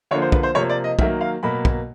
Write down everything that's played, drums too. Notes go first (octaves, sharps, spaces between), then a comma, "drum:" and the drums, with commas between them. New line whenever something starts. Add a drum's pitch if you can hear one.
D3 F3 A#3 C#5
C5
B4, drum: kick
C5
C3 F3 A#3 C#5
D5
D#5
D#3 F#3 A#3 E5, drum: kick
F5
B2 F#3 A#3 B5
drum: kick